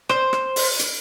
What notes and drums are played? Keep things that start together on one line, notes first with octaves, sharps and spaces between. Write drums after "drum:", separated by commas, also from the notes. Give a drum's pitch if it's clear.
C5, drum: rim click
drum: rim click
drum: open hi-hat
drum: hi-hat